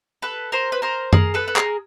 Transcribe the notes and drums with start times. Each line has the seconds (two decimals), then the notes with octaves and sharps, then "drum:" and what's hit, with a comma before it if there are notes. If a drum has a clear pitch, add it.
0.22 A4 B4
0.52 A#4 C5
0.72 B4
0.82 A#4 C5
1.13 G#4 A#4, drum: tom F#2
1.34 A4 B4
1.48 B4
1.56 G#4 A#4, drum: clap